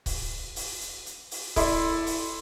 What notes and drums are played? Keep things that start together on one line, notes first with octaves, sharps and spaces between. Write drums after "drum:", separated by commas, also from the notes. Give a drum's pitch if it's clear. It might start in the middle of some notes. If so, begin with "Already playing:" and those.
drum: kick C#1, open hi-hat
drum: open hi-hat
drum: hi-hat
drum: hi-hat
drum: open hi-hat
E4 A4 D5 C6, drum: kick C#1, open hi-hat
drum: open hi-hat